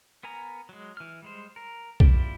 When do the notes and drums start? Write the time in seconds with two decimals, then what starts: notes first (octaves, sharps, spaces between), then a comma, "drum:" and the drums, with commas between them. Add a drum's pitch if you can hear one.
0.23 B3 A#4 G#5 A#5
0.69 F#3 G#3
0.97 E3 F6
1.22 G3 G#3 C5
1.56 A#4
2.00 E4 F4 G4 D5, drum: kick B1